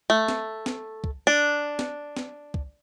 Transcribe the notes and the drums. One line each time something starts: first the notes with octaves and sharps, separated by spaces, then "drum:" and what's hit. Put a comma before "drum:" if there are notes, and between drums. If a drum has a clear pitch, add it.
A3
drum: snare
drum: snare
drum: kick C#2
D4
drum: snare
drum: snare
drum: kick C#2